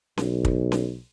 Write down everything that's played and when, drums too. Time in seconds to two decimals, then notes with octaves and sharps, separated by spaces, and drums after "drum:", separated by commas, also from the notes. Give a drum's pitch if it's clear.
0.17 B1, drum: snare C#4
0.45 drum: kick
0.72 drum: snare C#4